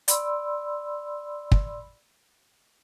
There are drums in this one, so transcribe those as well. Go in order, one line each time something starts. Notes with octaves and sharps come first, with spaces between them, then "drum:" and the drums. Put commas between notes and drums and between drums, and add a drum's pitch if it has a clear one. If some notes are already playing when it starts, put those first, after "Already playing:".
D5 B5 C6 E6, drum: hi-hat
drum: kick